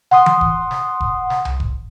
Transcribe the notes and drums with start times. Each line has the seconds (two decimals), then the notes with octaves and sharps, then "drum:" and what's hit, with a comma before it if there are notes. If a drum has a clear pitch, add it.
0.11 F#5 C6 D#6, drum: snare
0.26 drum: tom E3
0.41 drum: kick F1
0.71 drum: snare
1.00 drum: kick F1
1.30 drum: snare
1.45 drum: tom C2
1.60 drum: kick F1